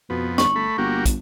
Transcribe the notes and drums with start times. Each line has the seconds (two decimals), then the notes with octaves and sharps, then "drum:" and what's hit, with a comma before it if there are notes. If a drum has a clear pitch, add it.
0.10 F2 B2 B3
0.38 G1 C#6, drum: snare
0.56 A3 B5
0.78 G1 A#3 F#4 G4
1.06 drum: kick, hi-hat